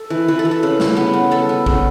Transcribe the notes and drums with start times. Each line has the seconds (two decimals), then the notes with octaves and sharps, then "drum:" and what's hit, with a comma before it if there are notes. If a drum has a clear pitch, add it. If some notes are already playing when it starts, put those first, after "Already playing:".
Already playing: A4
0.10 E3
0.28 E3 B4
0.39 A4
0.45 E3
0.51 A4
0.63 C#3 B4
0.80 C#3, drum: snare
0.97 B3
1.14 C#3
1.31 B3 A4
1.49 B3
1.66 C#3, drum: kick A1